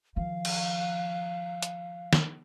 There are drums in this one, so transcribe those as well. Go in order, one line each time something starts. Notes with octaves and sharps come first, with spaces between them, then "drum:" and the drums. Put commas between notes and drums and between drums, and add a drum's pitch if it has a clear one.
D#3 F3 F5
drum: cymbal
drum: hi-hat
drum: snare